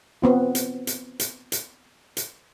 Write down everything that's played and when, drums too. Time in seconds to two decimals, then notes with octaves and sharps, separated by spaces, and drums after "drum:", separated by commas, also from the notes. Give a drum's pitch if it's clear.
0.22 B3 C4 F4
0.55 drum: hi-hat
0.87 drum: hi-hat
1.20 drum: hi-hat
1.52 drum: hi-hat
2.17 drum: hi-hat